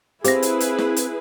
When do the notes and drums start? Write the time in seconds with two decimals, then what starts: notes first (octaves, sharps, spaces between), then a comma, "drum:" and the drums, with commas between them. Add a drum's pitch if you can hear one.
0.24 C4 E4 G4 G#4 B4 F5 A#6, drum: hi-hat
0.42 drum: hi-hat
0.60 drum: hi-hat
0.78 drum: snare
0.96 drum: hi-hat